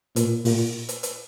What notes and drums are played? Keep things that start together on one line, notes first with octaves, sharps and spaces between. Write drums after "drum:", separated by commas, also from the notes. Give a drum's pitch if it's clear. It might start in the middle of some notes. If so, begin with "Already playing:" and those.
A#2, drum: hi-hat
A#2, drum: open hi-hat
drum: hi-hat
drum: hi-hat